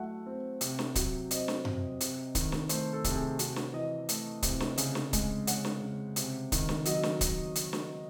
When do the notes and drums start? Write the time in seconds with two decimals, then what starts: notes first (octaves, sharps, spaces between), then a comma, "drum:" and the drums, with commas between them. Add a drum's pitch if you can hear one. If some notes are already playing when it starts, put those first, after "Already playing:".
Already playing: F#3 A3 E5 F#5
0.26 C4
0.61 C3, drum: hi-hat
0.79 drum: snare
0.95 F#3, drum: kick D1, hi-hat
1.31 C4 D#5, drum: hi-hat
1.48 drum: snare
1.65 C3, drum: tom F#2
2.00 C3, drum: hi-hat
2.35 D#3, drum: kick D1, hi-hat
2.52 drum: snare
2.69 A3 C5, drum: hi-hat
2.93 A4
3.04 C3, drum: kick D1, hi-hat
3.16 G#4
3.39 C3 F#4, drum: hi-hat
3.56 drum: snare
3.73 E3 D#5
4.09 A3, drum: hi-hat
4.42 C3, drum: kick D1, hi-hat
4.60 drum: snare
4.78 C#3, drum: hi-hat
4.95 drum: snare
5.13 G#3, drum: kick D1, hi-hat
5.47 C#4 F#5, drum: hi-hat
5.65 drum: snare
5.82 C#3
6.16 C3, drum: hi-hat
6.52 D#3, drum: kick D1, hi-hat
6.69 drum: snare
6.85 F#3 D#5, drum: hi-hat
7.03 drum: snare
7.21 drum: kick D1, hi-hat
7.55 drum: hi-hat
7.73 drum: snare